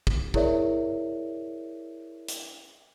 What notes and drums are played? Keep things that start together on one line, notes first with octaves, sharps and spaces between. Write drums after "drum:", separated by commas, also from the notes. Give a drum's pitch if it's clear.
drum: kick
E4 G#4 A#4 C#5 D5 E5, drum: kick
drum: hi-hat